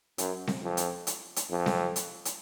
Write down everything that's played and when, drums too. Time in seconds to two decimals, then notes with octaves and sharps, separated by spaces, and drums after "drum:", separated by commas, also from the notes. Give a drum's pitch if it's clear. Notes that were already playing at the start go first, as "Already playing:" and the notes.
0.18 F#2, drum: hi-hat
0.47 drum: snare C4
0.63 F2
0.77 drum: hi-hat
1.07 drum: hi-hat
1.36 drum: hi-hat
1.51 F2
1.66 drum: snare C4
1.96 drum: hi-hat
2.25 drum: hi-hat